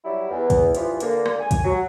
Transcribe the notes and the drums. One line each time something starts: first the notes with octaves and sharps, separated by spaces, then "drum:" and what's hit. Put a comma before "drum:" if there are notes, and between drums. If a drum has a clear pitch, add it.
F#3 G3 E4
E2
drum: kick, hi-hat
G2 E3 F3, drum: hi-hat
D3 A#3, drum: hi-hat
drum: rim click
G#5
drum: kick, hi-hat
F#3